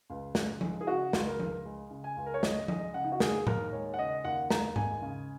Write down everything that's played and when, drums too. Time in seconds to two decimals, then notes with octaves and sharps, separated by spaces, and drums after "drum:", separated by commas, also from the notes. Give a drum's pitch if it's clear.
0.10 C#2
0.35 C#2, drum: snare
0.61 G#3, drum: tom F3
0.81 G#4
0.87 C#3 F#4
1.13 C#2, drum: snare
1.26 A#4
1.40 C#2, drum: tom F3
1.65 G#3
1.90 C#3
2.04 G#5
2.17 C#2
2.26 A#4
2.34 C#5
2.43 C#2 D#5, drum: snare
2.68 G#3 D#5, drum: tom F3
2.94 C#3 F#5
3.04 D#4
3.12 F#4
3.20 D#2 G#4, drum: snare
3.47 D#2 A#4, drum: tom A2
3.72 G#3 C#5
3.94 F#5
3.98 C#3 D#5
4.24 D#2 F#5
4.50 D#2 A#5, drum: snare
4.76 G#3 G#5, drum: tom G#2
5.02 C#3